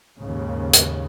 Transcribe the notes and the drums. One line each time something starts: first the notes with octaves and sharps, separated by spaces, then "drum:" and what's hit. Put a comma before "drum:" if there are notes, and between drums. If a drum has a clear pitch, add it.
D#2 G#2 C#3
drum: hi-hat